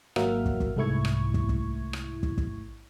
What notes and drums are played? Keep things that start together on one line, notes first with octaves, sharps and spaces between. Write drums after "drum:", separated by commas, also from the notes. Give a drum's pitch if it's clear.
G#1 F#3 A#3 E5 F#5 F6, drum: rim click
drum: kick
drum: kick
C2 G#2 A3 E4 C#6 G#6
drum: rim click
drum: kick
drum: kick
drum: rim click
drum: kick
drum: kick